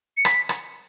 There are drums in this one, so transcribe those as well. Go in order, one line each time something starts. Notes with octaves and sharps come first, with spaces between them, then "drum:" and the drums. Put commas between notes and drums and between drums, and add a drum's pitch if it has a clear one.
C#7
B6, drum: rim click
drum: rim click